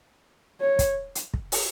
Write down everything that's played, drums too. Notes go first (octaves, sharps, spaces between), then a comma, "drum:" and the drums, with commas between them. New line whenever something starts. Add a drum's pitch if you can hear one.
C#5
drum: kick, hi-hat
drum: hi-hat
drum: kick
drum: open hi-hat